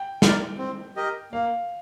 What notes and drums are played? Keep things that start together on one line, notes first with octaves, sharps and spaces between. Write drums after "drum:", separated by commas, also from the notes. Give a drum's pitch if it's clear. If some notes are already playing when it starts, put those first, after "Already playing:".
Already playing: G5
A#4 D5, drum: snare
C4
G4 A#4 D#5
A#3 F5